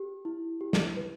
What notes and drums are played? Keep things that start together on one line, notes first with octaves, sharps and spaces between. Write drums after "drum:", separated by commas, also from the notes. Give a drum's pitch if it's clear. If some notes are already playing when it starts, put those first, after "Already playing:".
Already playing: G4
E4
G4
drum: snare
B4